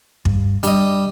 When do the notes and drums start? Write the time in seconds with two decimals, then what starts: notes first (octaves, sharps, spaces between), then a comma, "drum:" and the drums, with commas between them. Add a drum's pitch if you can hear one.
0.25 G2, drum: kick
0.63 G3 D4 D#5, drum: hi-hat